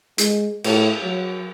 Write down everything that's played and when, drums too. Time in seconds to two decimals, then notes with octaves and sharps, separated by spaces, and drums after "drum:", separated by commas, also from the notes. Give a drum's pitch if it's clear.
0.18 G#3, drum: hi-hat
0.64 A2, drum: cymbal
1.03 F#3